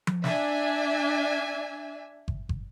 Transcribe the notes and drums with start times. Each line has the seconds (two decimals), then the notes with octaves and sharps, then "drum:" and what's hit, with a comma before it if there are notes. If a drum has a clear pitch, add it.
0.07 drum: tom F3
0.24 D4 E5 G#5, drum: snare
2.28 drum: kick
2.49 drum: kick